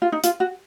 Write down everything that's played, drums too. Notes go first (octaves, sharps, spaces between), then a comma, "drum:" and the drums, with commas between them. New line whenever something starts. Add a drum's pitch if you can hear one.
F4
D#4
F4, drum: hi-hat
F#4